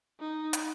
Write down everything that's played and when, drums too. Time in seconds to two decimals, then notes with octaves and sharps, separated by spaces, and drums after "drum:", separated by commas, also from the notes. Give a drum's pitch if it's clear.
0.20 D#4
0.53 drum: hi-hat